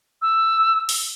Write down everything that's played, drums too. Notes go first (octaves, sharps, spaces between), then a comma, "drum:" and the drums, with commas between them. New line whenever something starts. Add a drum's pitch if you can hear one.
E6
drum: open hi-hat